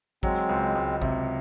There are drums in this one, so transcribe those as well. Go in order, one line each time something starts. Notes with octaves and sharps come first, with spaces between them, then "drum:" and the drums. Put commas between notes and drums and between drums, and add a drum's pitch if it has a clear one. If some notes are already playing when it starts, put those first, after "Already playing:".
F#3 G#3 C4, drum: kick A1
C#2
C#2
C3, drum: kick A1